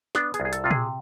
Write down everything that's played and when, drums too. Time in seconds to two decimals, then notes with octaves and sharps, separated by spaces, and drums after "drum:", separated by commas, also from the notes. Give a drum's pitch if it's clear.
0.15 B3 D4, drum: snare
0.34 G#4, drum: hi-hat
0.40 C2
0.45 G#4
0.53 A4, drum: hi-hat
0.64 C3 F4
0.71 G#4, drum: tom A#2